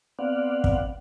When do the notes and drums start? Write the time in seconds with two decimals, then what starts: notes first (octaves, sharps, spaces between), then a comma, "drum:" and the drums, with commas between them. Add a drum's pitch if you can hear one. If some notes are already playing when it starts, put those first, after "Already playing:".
0.19 B3 C4 D5 F5 F#5
0.64 drum: kick